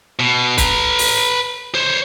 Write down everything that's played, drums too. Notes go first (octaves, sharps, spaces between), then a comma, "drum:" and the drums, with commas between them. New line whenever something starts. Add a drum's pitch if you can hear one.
B2
B4 A#5, drum: kick, hi-hat
drum: open hi-hat
C5 C#5